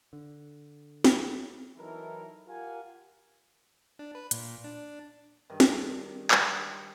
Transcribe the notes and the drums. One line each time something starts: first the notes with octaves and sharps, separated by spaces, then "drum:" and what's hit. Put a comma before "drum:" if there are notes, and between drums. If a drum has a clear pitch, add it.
D3
drum: snare
E3 F#3 D#4 E4 A4 A#4
F4 G4 A#4 F5 F#5 G#5
D4
B4
A#2, drum: hi-hat
D4
G2 D#3
drum: snare
drum: clap